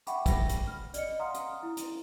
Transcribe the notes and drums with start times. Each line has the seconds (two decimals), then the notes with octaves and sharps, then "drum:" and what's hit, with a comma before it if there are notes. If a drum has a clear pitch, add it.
0.07 E5 F#5 G5 B5 C#6 D6, drum: hi-hat
0.26 G5 B5 A#6, drum: kick, hi-hat
0.49 drum: hi-hat
0.67 F6
0.94 D5 D#5 C#7, drum: hi-hat
1.19 F5 F#5 A#5 C6 D#6 F6
1.34 drum: hi-hat
1.63 E4
1.77 drum: hi-hat